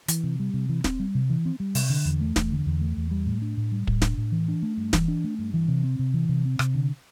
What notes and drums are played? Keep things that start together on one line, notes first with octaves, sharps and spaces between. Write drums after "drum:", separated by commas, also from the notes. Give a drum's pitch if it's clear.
E3, drum: hi-hat
C3
G3
C3
E3
C4, drum: snare
G3
C3
E3
C4
G3
C3, drum: open hi-hat
D3
E2
A3
E2, drum: snare
D3
E2
A3
E2
G3
A2
D4
A2
G3
A2, drum: kick
D4, drum: snare
A2
E3
D4
A3
G2
E3, drum: snare
D4
A3
G2
E3
C3
C4
C3
E3
C3
C4
C3, drum: rim click
D3